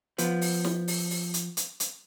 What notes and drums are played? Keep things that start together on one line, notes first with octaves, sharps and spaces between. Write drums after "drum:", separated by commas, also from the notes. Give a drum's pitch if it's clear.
F3 B3, drum: hi-hat
drum: open hi-hat
drum: snare
drum: open hi-hat
drum: open hi-hat
drum: hi-hat
drum: hi-hat
drum: hi-hat